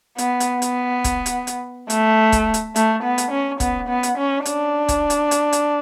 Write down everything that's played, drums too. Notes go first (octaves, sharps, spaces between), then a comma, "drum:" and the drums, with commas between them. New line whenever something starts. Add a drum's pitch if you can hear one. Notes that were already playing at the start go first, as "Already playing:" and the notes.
B3, drum: hi-hat
drum: hi-hat
B3, drum: hi-hat
drum: kick, hi-hat
drum: hi-hat
drum: hi-hat
A3, drum: hi-hat
drum: kick, hi-hat
drum: hi-hat
A3, drum: hi-hat
B3
drum: hi-hat
C#4
B3, drum: kick, hi-hat
B3
drum: hi-hat
C#4
D4, drum: hi-hat
drum: kick, hi-hat
drum: hi-hat
drum: hi-hat
drum: hi-hat